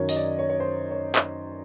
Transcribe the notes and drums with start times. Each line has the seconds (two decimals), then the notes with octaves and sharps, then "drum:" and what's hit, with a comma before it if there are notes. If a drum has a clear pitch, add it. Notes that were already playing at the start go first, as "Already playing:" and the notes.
Already playing: F#2 D#3 C#5
0.09 D#5, drum: open hi-hat
0.16 D5
0.39 C#5
0.50 C#5
0.60 C5
0.91 C#5
1.16 drum: clap